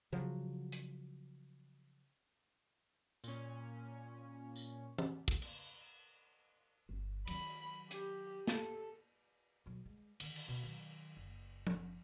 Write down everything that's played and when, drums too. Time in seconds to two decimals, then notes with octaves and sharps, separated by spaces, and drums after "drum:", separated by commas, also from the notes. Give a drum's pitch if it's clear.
0.12 C#3 F3 F#3
0.72 drum: hi-hat
3.24 A#2 C#4, drum: tambourine
4.56 drum: tambourine
4.98 drum: tom E3
5.28 drum: kick
5.42 drum: cymbal
6.89 G1
7.27 D#3 F#3 B5, drum: cymbal
7.91 G4, drum: hi-hat
8.47 A4, drum: snare
9.66 B1 F#3
9.86 G#3
10.20 D3 D#3, drum: cymbal
10.36 drum: cymbal
10.48 B2
10.63 D#3 F#3
11.17 F#1
11.67 drum: tom F3